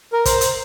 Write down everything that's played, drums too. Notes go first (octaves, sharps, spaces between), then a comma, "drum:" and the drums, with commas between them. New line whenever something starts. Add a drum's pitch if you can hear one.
A#4
C5, drum: kick, hi-hat
drum: hi-hat